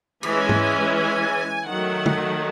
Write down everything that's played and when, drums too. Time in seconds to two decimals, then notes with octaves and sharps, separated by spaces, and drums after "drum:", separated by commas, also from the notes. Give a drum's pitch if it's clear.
0.23 E3 G#3 C#4 G#5, drum: cymbal
0.49 drum: tom G#2
0.95 G#5
1.67 D#3 F#3 A3 F#5
2.06 drum: tom